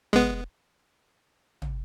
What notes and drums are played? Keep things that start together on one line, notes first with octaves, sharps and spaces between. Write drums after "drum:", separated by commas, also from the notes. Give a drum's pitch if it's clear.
G#3 B3, drum: tom
drum: tom